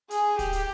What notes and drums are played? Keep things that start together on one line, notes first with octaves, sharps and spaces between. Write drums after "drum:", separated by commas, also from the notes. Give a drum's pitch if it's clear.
G#4, drum: hi-hat
G4, drum: kick, hi-hat
drum: hi-hat